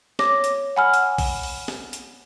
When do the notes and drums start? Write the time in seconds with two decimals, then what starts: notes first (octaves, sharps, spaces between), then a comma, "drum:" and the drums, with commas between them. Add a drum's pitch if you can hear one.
0.19 C#5 D6 A#6, drum: snare
0.44 drum: hi-hat
0.76 F#5 G#5 B5 E6 F6
0.94 drum: hi-hat
1.18 drum: kick A#1, open hi-hat
1.43 drum: open hi-hat
1.68 drum: snare
1.93 drum: hi-hat